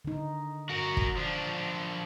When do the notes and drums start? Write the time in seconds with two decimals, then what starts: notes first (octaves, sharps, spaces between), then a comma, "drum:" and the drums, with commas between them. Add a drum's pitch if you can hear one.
0.05 D3 D#4
0.70 F#4 A#4
0.97 drum: kick
1.16 F3 D4